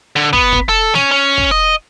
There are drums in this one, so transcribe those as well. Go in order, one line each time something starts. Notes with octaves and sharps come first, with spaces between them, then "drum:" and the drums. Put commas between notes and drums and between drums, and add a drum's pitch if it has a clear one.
D3
B3, drum: kick
drum: kick
A4
C#4, drum: snare
C#4
drum: kick
D#5